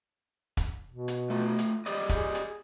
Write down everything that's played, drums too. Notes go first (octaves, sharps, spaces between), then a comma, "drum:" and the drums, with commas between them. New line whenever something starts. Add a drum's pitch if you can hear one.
drum: kick E1, hi-hat
B2
drum: hi-hat
A3 F4
drum: hi-hat
G4 D5 D#5, drum: hi-hat
G#4, drum: kick E1, hi-hat
drum: hi-hat